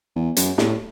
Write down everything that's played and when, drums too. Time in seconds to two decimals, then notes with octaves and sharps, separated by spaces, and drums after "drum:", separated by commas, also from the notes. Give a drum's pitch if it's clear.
0.16 E2
0.37 F#2, drum: hi-hat
0.58 A2, drum: snare